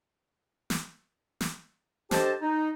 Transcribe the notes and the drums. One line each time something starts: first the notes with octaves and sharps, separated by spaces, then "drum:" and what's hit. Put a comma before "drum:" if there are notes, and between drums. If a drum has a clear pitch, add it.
drum: snare
drum: snare
D4 G4 A4 C5 D#5 A5, drum: snare
D#4